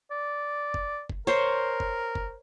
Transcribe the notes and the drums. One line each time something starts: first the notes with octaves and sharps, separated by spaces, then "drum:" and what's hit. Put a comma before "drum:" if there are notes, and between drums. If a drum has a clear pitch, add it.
D5
drum: kick
drum: kick
A#4 C5 C#5
drum: kick
drum: kick